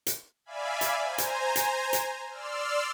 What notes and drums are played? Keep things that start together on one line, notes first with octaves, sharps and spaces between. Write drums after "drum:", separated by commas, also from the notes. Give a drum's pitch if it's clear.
drum: hi-hat
D5 E5 F5 G#5 B5
drum: hi-hat
C5 G#5 A#5
drum: hi-hat
drum: hi-hat
drum: hi-hat
D5 C6 E6 F6